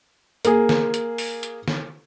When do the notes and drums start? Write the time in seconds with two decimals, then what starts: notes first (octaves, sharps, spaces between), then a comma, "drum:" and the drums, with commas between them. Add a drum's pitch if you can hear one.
0.45 A#3 G#4, drum: hi-hat
0.69 drum: snare
0.94 drum: hi-hat
1.18 drum: open hi-hat
1.43 drum: hi-hat
1.68 drum: snare